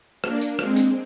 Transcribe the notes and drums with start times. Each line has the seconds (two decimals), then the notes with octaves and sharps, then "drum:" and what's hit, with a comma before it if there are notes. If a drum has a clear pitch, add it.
0.24 A#3 D4, drum: rim click
0.41 drum: tambourine
0.59 G#3 C4, drum: rim click
0.76 drum: tambourine